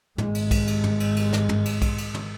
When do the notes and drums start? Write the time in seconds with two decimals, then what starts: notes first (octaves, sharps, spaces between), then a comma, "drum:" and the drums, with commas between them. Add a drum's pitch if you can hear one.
0.18 G#1 G#3, drum: tom
0.35 drum: cymbal
0.51 drum: kick B1, cymbal
0.67 drum: cymbal
0.84 drum: tom
1.00 drum: cymbal
1.16 drum: cymbal
1.33 drum: snare
1.49 drum: tom
1.65 drum: cymbal
1.82 drum: kick B1, cymbal
1.98 drum: cymbal
2.14 drum: tom